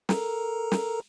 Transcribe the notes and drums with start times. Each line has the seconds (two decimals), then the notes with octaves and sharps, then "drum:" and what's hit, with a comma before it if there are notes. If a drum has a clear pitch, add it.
0.09 A4 A#4 A#5, drum: snare
0.72 drum: snare